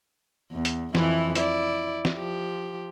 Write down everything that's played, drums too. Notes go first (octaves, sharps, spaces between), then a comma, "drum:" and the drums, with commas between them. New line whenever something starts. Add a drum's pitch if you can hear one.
E2
drum: hi-hat
F2 E3 E4, drum: snare
E4 D5, drum: hi-hat
drum: snare
F3 G4